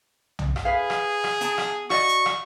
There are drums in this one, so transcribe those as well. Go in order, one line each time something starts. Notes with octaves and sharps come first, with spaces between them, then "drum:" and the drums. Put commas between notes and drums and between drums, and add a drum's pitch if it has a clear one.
drum: tom B1
drum: rim click
G#4 B4 F5
drum: rim click
drum: rim click
B3 A5, drum: hi-hat
drum: rim click
F#4 D5 D#5 C#6, drum: rim click
drum: hi-hat
drum: rim click